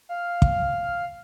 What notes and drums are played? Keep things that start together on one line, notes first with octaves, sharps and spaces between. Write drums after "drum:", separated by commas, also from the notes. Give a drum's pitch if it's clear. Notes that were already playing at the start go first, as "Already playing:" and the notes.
F5
drum: kick